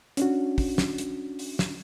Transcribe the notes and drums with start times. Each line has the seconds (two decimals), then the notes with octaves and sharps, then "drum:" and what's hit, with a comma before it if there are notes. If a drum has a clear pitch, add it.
0.17 C#4 D4 F#4, drum: hi-hat
0.58 drum: kick, open hi-hat
0.78 drum: snare
0.98 drum: hi-hat
1.39 drum: open hi-hat
1.59 drum: snare